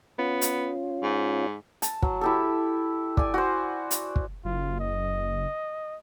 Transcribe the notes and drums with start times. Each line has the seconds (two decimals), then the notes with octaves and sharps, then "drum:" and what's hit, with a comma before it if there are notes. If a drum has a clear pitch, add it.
0.19 B3 C#4 F4
0.41 drum: hi-hat
1.03 G#2
1.82 A5, drum: hi-hat
2.02 F#3, drum: kick
2.21 E4 G4 A4
3.17 D5 G#5, drum: kick
3.34 F#4 C5
3.91 drum: hi-hat
4.16 drum: kick
4.45 F#1 F4
4.80 D#5